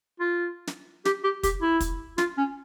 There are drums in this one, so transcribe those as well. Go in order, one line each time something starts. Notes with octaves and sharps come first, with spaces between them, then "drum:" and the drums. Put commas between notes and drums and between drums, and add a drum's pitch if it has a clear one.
F4
drum: snare
G4, drum: snare
G4
G4, drum: kick, hi-hat
E4
drum: kick, hi-hat
F4, drum: snare
C#4